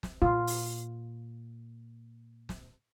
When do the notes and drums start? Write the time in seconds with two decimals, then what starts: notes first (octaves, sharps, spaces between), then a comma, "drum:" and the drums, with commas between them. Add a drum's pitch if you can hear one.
0.03 drum: snare
0.22 A#2 F4
0.47 drum: open hi-hat
2.49 drum: snare